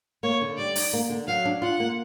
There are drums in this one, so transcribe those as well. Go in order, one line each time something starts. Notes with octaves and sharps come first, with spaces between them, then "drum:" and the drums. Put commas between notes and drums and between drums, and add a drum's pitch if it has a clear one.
A#3 C#5
D3
G3 D5
D#4, drum: open hi-hat
A#3
D3
F#3 F5
D4
F4 F#5
A#3